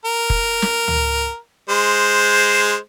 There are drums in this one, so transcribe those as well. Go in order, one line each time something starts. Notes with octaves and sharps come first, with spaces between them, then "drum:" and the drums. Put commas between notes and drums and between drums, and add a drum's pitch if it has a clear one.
A#4
drum: kick F1
drum: snare
drum: tom C#2
G#3 C5